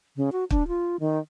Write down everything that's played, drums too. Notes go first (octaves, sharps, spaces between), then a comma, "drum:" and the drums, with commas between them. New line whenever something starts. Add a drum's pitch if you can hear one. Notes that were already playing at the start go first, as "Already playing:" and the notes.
C#3
F#4
D4, drum: kick
F4
D#3